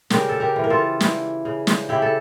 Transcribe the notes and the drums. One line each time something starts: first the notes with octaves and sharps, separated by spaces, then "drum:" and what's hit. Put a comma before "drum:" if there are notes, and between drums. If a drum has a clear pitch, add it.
C#3 G4 A#4, drum: snare
A4
G4 A#4
E3
A#4
F4 A4
E3, drum: snare
C#3
drum: snare
C#3 E4 G4
A4